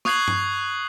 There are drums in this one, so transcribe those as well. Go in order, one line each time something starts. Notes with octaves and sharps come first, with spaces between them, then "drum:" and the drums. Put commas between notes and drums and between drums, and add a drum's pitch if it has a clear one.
C#6 D#6 F#6 G#6 C7 F#7, drum: snare
drum: tom G2